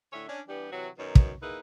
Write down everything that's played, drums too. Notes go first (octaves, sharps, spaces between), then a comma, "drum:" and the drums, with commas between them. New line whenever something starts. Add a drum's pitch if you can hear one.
A2 D3 C#5 E5
C#4 D4
E3 G3 B3 D4 G4
C3 E3 F#3 F#4 C#5
F#2 B2 D#3 D#4 C#5
drum: kick
A#3 D#4 E4 G#4 B4